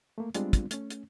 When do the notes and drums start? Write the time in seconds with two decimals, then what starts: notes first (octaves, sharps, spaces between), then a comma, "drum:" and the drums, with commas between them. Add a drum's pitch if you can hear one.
0.18 A3 A#3
0.34 G3 G#3 B3 C4 D4 F4, drum: hi-hat
0.53 drum: kick, hi-hat
0.71 A3 C#4, drum: hi-hat
0.90 drum: hi-hat